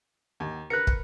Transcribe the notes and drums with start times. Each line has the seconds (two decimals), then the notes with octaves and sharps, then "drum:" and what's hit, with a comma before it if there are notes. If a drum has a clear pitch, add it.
0.40 D#2
0.70 A#4 B4 F#6 A#6 C#7
0.87 drum: kick